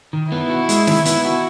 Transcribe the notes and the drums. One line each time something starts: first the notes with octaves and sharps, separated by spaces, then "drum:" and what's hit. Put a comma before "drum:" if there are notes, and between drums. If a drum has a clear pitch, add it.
D#3
B3 E4
F#4
G#3, drum: hi-hat
D#3, drum: snare
B3, drum: hi-hat
F#4